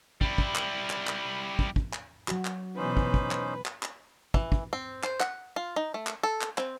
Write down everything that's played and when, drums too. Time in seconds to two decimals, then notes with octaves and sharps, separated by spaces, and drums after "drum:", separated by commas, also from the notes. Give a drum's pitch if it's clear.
0.21 G3 E4, drum: kick
0.38 drum: kick
0.56 drum: clap
0.90 drum: clap
1.07 drum: clap
1.59 drum: kick
1.76 drum: kick
1.93 drum: clap
2.28 F#3 F#4, drum: clap
2.45 drum: clap
2.77 B2 E3 C#4 D#4 B4 C5
2.97 drum: kick
3.14 drum: kick
3.31 drum: clap
3.66 drum: clap
3.83 drum: clap
4.34 E3, drum: kick
4.52 drum: kick
4.73 C4
5.03 C5, drum: clap
5.20 F#5, drum: clap
5.56 F4
5.76 D#4
5.94 A3
6.07 drum: clap
6.23 A4
6.41 drum: clap
6.58 C4, drum: clap